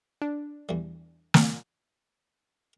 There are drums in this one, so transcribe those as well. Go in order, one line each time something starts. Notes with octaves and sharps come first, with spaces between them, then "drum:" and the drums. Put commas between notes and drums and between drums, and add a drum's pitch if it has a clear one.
D4
E2 G3
drum: snare